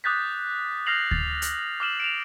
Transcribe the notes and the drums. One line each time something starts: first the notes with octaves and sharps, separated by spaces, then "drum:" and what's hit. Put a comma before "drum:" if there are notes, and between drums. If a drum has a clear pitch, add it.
D6 D#6 F#6 G6 A6 B6
F6 G6 A#6 C7 F7 F#7
A6, drum: kick D2
drum: hi-hat
D6 F6 E7 F#7
D7 E7 F7